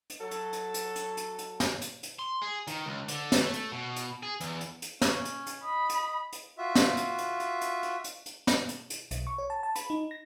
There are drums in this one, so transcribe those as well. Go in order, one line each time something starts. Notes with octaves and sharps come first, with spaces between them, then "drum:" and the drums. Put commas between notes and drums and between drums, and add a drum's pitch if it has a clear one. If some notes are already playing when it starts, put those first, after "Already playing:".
drum: hi-hat
F#3 A4
drum: hi-hat
drum: hi-hat
drum: hi-hat
drum: hi-hat
drum: hi-hat
drum: hi-hat
drum: snare
drum: hi-hat
drum: hi-hat
C6
G#4
D#3, drum: hi-hat
C#2
D3, drum: hi-hat
drum: snare
A3
drum: hi-hat
B2
drum: hi-hat
G#4
E2, drum: hi-hat
drum: hi-hat
drum: hi-hat
C#4, drum: snare
drum: hi-hat
drum: hi-hat
D#5 B5
drum: hi-hat
drum: hi-hat
F4 F#4 E5
drum: snare
drum: hi-hat
drum: hi-hat
drum: hi-hat
drum: hi-hat
drum: hi-hat
drum: hi-hat
drum: hi-hat
drum: snare
drum: hi-hat
drum: hi-hat
B1, drum: hi-hat
C#6
C#5
A5
A5
B5, drum: hi-hat
D#4
A#6